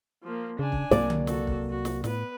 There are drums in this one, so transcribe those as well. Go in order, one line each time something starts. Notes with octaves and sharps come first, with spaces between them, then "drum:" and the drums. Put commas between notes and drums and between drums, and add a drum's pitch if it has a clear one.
F3 A#3
C#3 D4 G#5
drum: kick
C2 C3 F#3 A#3 D5, drum: snare
drum: tom D3
F#4 A4, drum: snare
drum: kick
F#4
drum: snare
A2 B3 B4, drum: snare